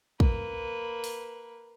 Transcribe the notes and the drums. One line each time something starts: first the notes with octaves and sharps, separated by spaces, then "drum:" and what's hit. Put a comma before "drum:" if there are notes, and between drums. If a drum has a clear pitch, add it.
A#3 B4, drum: kick
drum: open hi-hat